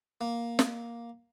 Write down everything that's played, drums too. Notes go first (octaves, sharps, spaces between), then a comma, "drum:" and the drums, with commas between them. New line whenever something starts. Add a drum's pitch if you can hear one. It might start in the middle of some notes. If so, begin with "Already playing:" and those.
A#3
drum: snare